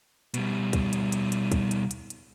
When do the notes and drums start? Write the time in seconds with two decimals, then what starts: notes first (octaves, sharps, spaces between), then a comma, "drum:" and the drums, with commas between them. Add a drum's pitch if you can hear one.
0.34 B2 G3, drum: hi-hat
0.73 drum: kick, hi-hat
0.93 drum: hi-hat
1.12 drum: hi-hat
1.32 drum: hi-hat
1.52 drum: kick, hi-hat
1.71 drum: hi-hat
1.91 drum: hi-hat
2.10 drum: hi-hat